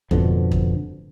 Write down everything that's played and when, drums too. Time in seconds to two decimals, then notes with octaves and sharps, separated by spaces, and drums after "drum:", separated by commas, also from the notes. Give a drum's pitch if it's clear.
0.11 F2 G#2 B2 D3, drum: kick
0.52 drum: kick